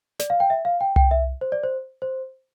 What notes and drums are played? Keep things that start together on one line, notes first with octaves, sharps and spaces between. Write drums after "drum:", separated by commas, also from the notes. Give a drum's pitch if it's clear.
D5, drum: snare
F5
G5
E5
F5
G5
G5, drum: tom C2
E5
C5
D5
C5
C5